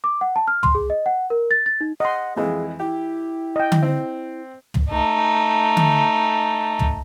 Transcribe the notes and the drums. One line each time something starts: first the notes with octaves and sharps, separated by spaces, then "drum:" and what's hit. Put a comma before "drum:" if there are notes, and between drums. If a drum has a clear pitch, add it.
D6
F#5
A5
F6
C6, drum: tom
G#4
D#5
F#5
A#4
A6
A6
D#4
D#5 F#5 C6
F2 E3 G#3 G#4
E4 G4
D#5 G5
drum: tom D3
C4
drum: tom
A3 D#4
drum: tom D3
drum: tom